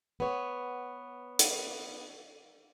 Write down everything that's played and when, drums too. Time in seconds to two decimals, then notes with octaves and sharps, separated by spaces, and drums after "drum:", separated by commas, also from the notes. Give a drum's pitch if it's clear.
0.20 B3 C#5
1.39 drum: hi-hat